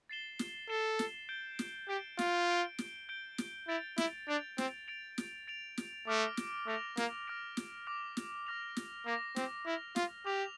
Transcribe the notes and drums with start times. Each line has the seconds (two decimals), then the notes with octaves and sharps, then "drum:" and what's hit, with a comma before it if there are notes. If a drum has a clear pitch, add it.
0.09 A6 C7 E7 G7
0.39 drum: snare
0.69 A4 A6 C7 E7 G7
0.99 drum: snare
1.29 G6 D7 G7
1.59 drum: snare
1.88 G4 G6 D7 G7
2.19 F4, drum: snare
2.48 G6 D7 G7
2.78 drum: snare
3.09 G6 D7 G7
3.38 drum: snare
3.68 E4 A6 D7 F7
3.98 E4, drum: snare
4.28 D4 A6 D7 F7
4.58 C4, drum: snare
4.88 A6 D7 F7
5.18 drum: snare
5.47 A6 D7 F7
5.78 drum: snare
6.07 A3 D6 F6 A#6 D7 F7
6.37 drum: snare
6.67 A3 D6 F6 A#6 D7 F7
6.97 A#3, drum: snare
7.27 D6 F6 A#6 D7 F7
7.57 drum: snare
7.87 D6 F6 A#6 D7 F7
8.17 drum: snare
8.47 D6 F6 A#6 F7
8.77 drum: snare
9.06 A#3 D6 F6 A#6 F7
9.36 C4, drum: snare
9.66 E4 D6 F6 A#6 F7
9.96 F4, drum: snare
10.26 G4 D6 F6 A#6 F7